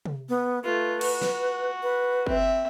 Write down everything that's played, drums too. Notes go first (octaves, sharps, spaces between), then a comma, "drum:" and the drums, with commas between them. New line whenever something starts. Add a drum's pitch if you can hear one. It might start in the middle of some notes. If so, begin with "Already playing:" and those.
drum: tom C3
B3
A3 F4 B4
F#4, drum: cymbal
drum: snare
B4
C4 E5, drum: kick